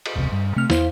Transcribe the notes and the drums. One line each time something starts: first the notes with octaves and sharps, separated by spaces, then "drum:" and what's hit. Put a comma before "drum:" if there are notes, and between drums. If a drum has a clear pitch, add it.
drum: cymbal
E1 C#2 C3
G2
C3 A3 F6
E2 E4 C5 F5, drum: snare